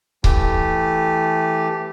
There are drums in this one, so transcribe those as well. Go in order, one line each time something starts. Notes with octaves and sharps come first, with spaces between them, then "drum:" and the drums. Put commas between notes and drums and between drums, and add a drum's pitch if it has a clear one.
E3 A3 G4, drum: kick C#1